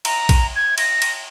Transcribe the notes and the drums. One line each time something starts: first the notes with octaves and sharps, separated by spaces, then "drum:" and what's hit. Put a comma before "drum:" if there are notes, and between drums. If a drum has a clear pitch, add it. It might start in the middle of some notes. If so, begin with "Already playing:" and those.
A#5, drum: cymbal
drum: kick A#1, cymbal
G#6
A#6, drum: cymbal
drum: cymbal